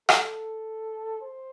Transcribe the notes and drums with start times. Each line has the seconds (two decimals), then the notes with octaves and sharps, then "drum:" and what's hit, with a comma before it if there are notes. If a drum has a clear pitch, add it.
0.09 A4, drum: rim click
1.21 C5